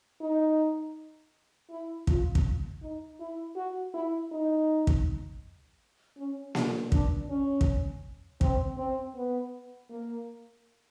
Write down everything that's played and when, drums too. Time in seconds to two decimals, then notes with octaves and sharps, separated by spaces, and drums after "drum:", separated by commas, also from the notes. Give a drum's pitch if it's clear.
0.21 D#4
1.70 E4
2.07 F4, drum: kick
2.35 drum: kick
2.82 D#4
3.20 E4
3.56 F#4
3.94 E4
4.32 D#4
4.87 drum: kick
6.18 C#4
6.55 D4, drum: snare A#3
6.92 D4, drum: kick
7.29 C#4
7.61 drum: kick
8.41 C4, drum: kick
8.78 C4
9.16 B3
9.90 A#3